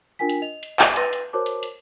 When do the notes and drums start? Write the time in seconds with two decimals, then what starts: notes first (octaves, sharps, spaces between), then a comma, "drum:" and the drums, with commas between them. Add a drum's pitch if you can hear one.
0.19 D4 F4 A#4 G5 G#5 B6
0.29 drum: hi-hat
0.42 D#5 F7
0.63 drum: hi-hat
0.79 drum: clap
0.96 B4 C6 E6 A6 A#6 D#7, drum: hi-hat
1.13 drum: hi-hat
1.33 F#4 A#4 C5 C#5 A5 D6
1.46 drum: hi-hat
1.63 drum: hi-hat